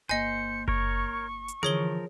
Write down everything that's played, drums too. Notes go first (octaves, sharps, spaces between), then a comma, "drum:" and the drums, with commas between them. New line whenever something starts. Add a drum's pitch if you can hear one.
G1 A#3 C5 D#5 G#5 C#7
A#4 C#5 C#6, drum: kick F#1
drum: hi-hat
D3 E3 F3 G#4 A#4 C#5 G7